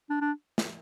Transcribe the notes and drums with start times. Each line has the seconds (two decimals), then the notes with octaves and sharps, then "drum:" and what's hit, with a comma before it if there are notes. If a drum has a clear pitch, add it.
0.10 D4
0.21 D4
0.58 drum: snare